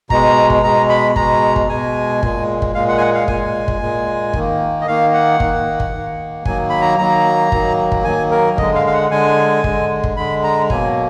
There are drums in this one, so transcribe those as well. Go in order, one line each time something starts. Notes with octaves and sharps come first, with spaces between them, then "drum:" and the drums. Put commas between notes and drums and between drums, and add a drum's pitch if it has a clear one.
B2 G#3 A#5, drum: kick G1
drum: kick G1
B2 G#3 A#5
B5
B2 G#3 A#5, drum: kick G1
drum: kick G1
B2 G#3 G#5
A#2 G#3, drum: kick G1
drum: kick G1
A#2 G#3 F5
F#5
G#5
F#5
F5
A#2 G#3 G#5, drum: kick G1
drum: kick G1
A#2 G#3
D#3, drum: kick G1
A#3
D#5
D#3 A#3 F5
F#5
D#3 A#3, drum: kick G1
drum: kick G1
D#3 A#3
D#3 F#3 A#3 G#5, drum: kick G1
B5
A#5
D#3 F#3 A#3 A#5
D#3 F#3 A#3, drum: kick G1
drum: kick G1
D#3 F#3 A#3 G#5
A#4
D3 G#3 D#5, drum: kick G1
F5
F5
F#5
D3 G#3 G#5
D3 G#3, drum: kick G1
drum: kick G1
D3 G#3 B5
A#5
B2 F#3 A#3 G#5, drum: kick G1